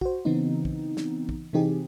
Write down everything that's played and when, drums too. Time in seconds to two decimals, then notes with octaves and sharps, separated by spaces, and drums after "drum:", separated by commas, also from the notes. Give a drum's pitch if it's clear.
0.01 F#4 C5, drum: kick
0.25 C#3 E3 B3 C4 D#4
0.65 drum: kick
0.97 drum: snare
1.29 drum: kick
1.53 C3 E3 C4 D#4 G4 G#4